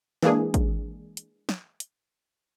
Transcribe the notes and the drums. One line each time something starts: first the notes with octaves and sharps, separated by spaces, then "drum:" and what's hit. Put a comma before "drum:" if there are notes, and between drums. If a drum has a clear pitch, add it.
E3 G#3 A#3 D4 G#4, drum: snare
drum: kick, hi-hat
drum: hi-hat
drum: snare
drum: hi-hat